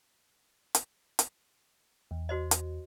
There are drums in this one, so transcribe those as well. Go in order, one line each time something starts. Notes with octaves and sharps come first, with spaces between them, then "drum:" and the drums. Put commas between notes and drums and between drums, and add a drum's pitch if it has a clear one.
drum: hi-hat
drum: hi-hat
E2
F#4 C5 D#5
drum: hi-hat